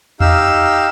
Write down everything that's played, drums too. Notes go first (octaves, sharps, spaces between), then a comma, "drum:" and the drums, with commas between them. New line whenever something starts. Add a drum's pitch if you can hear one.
D#4 G4 F5 E6, drum: tom E2